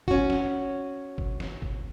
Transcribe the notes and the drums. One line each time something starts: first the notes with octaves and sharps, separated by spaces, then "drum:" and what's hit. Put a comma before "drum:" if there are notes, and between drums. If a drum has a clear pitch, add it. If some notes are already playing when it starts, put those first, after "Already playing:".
C#4 F#4, drum: kick F#1
drum: snare
drum: kick F#1
drum: snare
drum: kick F#1